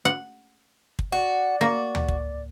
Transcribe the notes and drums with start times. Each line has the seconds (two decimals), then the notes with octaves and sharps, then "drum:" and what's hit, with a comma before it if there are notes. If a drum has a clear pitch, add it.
0.05 F#5
0.99 drum: kick
1.12 F#4 D5
1.61 A#3 F#4
1.95 drum: tom D2
2.08 drum: kick